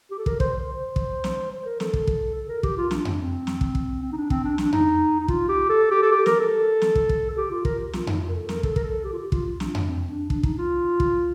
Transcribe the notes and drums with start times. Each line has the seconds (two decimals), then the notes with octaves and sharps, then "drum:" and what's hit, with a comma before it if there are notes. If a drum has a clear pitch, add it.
0.11 G4
0.18 A4
0.26 A#4, drum: kick
0.40 C5, drum: kick
0.54 C5
0.96 drum: kick
1.24 drum: snare
1.51 C5
1.65 A#4
1.80 A4, drum: snare
1.94 drum: kick
2.07 drum: kick
2.35 A4
2.49 A#4
2.63 G4, drum: kick
2.77 F4
2.91 D4, drum: snare
3.05 C4, drum: tom F2
3.13 D4
3.21 C4
3.47 drum: snare
3.61 drum: kick
3.75 drum: kick
4.02 C4
4.12 D#4
4.17 D4
4.30 C4, drum: kick
4.44 D4
4.58 D4, drum: snare
4.72 D#4, drum: tom F2
5.20 D#4
5.28 F4, drum: kick
5.49 G4
5.70 A4
5.91 G4
6.02 A4
6.12 G4
6.26 A#4, drum: snare
6.40 A4
6.81 drum: snare
6.95 drum: kick
7.09 drum: kick
7.30 A4
7.37 G4
7.51 F4
7.65 A#4, drum: kick
7.79 G4
7.93 F4, drum: snare
8.07 D#4, drum: tom F2
8.21 F4
8.29 A#4
8.35 A4
8.49 A#4, drum: snare
8.63 A4, drum: kick
8.76 A#4, drum: kick
8.83 A4
9.04 G4
9.13 F4
9.18 G4
9.32 F4, drum: kick
9.46 F4
9.60 D4, drum: snare
9.75 D4, drum: tom F2
9.88 C4
10.09 D4
10.30 D4, drum: kick
10.43 D#4, drum: kick
10.58 F4
11.00 drum: kick